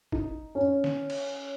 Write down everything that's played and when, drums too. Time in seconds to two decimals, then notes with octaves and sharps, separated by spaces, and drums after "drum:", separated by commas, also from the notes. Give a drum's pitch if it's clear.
0.12 D#4, drum: kick
0.55 C#4
0.84 drum: snare
1.10 drum: cymbal